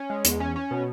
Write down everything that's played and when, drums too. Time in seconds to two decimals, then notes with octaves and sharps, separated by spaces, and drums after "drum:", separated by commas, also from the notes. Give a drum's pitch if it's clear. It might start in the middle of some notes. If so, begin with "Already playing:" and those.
Already playing: C#4
0.10 G#3
0.25 E2, drum: hi-hat
0.40 C#4
0.56 C#4
0.71 B2